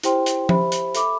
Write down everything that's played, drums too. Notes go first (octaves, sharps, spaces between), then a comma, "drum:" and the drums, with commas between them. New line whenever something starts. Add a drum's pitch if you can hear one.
E4 G4 C5 G5 C6, drum: hi-hat
drum: hi-hat
G4 C5 E5 B5, drum: tom F3
drum: hi-hat
A4 E5 B5 D6, drum: hi-hat